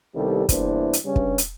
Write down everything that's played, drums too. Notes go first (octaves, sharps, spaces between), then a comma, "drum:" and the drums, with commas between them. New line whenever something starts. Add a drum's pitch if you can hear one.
C2 C3 D#3 G3 B3 A4
E2 G2 A#3 D4 E4 C5, drum: kick, hi-hat
drum: hi-hat
G2 C#3 C#4
drum: kick
drum: hi-hat